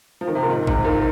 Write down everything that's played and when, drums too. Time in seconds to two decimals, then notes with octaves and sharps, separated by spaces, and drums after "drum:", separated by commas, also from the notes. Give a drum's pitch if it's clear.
0.21 F3
0.27 D#3
0.35 C3
0.43 A#2
0.50 G#2
0.67 G#2 C3, drum: kick
0.85 A#2 D#3